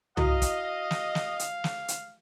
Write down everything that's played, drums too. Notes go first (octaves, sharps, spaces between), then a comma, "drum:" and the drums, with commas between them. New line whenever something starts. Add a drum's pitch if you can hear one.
E4 F#4 D#5 F5, drum: tom C2
drum: kick, hi-hat
drum: snare
drum: snare
drum: hi-hat
drum: snare
drum: hi-hat